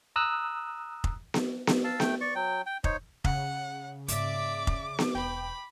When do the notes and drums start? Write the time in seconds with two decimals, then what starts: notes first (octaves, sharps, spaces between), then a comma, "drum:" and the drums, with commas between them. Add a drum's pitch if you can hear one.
0.16 A#5 D#6 E6 F#6
1.04 drum: kick F1
1.34 drum: snare B3
1.67 drum: snare B3
1.84 F5 A5 E6
2.00 A3 G5, drum: snare B3
2.21 D5 C#6
2.35 F#3 G5
2.66 G5
2.84 D#4 C5 C#5, drum: kick F1
3.24 C#3 F#5, drum: kick F1
4.08 G#2 A#3 D5 E5 D6, drum: hi-hat
4.67 drum: kick F1
4.99 drum: snare B3
5.15 E1 G5 B5